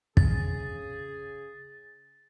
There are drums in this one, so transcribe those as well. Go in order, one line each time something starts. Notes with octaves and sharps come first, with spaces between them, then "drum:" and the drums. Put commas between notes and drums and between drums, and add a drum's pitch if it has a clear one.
C#3 G#4 A6, drum: kick